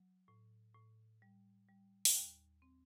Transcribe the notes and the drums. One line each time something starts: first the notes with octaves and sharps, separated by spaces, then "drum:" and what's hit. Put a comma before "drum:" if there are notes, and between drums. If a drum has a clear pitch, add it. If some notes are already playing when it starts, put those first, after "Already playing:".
Already playing: F#3
A2
A2
G3
G3
drum: open hi-hat
D#2
C4